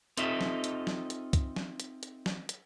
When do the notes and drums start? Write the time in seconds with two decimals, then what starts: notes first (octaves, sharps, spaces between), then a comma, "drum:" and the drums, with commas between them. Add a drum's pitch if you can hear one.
0.17 C4 D#4 F4 A4 D#5 E5, drum: hi-hat
0.41 drum: snare
0.64 drum: hi-hat
0.87 drum: snare
1.10 drum: hi-hat
1.33 drum: kick C2, hi-hat
1.56 drum: snare
1.80 drum: hi-hat
2.03 drum: hi-hat
2.26 drum: snare
2.49 drum: hi-hat